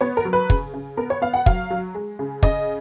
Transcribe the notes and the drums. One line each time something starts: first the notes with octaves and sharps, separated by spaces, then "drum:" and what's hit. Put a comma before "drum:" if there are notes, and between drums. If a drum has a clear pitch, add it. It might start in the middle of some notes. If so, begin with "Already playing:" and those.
B3 C#5
A#4
F#3
B4
C#3, drum: kick
C#3
B3 A#4
C#5
B3 F5
F#5
F#3 F5, drum: kick
F#3
G#3
C#3
C#3 D#5, drum: kick